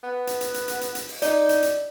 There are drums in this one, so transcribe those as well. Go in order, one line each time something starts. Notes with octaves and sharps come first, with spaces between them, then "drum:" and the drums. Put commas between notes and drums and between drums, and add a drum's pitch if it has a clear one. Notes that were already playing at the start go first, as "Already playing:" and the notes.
B3
drum: hi-hat
drum: hi-hat
drum: hi-hat
drum: hi-hat
drum: hi-hat
drum: hi-hat
drum: open hi-hat
D#4 D5, drum: hi-hat
drum: hi-hat
drum: hi-hat